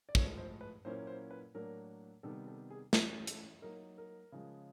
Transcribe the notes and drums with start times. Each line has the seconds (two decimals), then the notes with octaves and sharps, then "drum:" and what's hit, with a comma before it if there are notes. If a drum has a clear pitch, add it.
0.09 D5
0.15 A2 F3 G#3 C#5, drum: kick
0.38 C5
0.61 B4
0.85 A#2 F#3 A#3 C#4 E4 C5
1.07 C5
1.31 B4
1.54 A2 F#3 A#3 D4 A#4
2.23 C3 D#3 G3 B3 A4
2.47 A4
2.71 G#4
2.93 E3 A3 C#4 E4 A4, drum: snare
3.27 A4, drum: hi-hat
3.62 F#3 A#3 D#4 A#4
3.98 A#4
4.32 C#3 F3 G#3